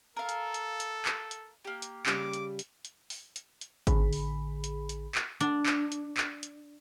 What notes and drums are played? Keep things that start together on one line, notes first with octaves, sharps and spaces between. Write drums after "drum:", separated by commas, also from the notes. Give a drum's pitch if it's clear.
A4 A#4 F5
drum: hi-hat
drum: hi-hat
drum: hi-hat
drum: clap
drum: hi-hat
A#3 G4
drum: hi-hat
C#3 G3 D6, drum: clap
drum: hi-hat
drum: hi-hat
drum: hi-hat
drum: open hi-hat
drum: hi-hat
drum: hi-hat
A1 D3 G#4 B5, drum: kick G#1, hi-hat
drum: open hi-hat
drum: hi-hat
drum: hi-hat
drum: clap
D4, drum: hi-hat
drum: clap
drum: hi-hat
drum: clap
drum: hi-hat